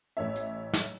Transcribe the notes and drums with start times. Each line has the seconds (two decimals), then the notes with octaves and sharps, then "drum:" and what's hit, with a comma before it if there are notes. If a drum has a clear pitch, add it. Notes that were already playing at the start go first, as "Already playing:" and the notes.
0.17 A1 C#5 E5
0.36 drum: hi-hat
0.73 drum: snare